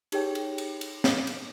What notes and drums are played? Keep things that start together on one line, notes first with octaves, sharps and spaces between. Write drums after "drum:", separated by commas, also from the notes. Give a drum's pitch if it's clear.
D#4 G4 G#4 A#4 C#5 G5, drum: cymbal
drum: cymbal
drum: cymbal
drum: cymbal
drum: snare
drum: cymbal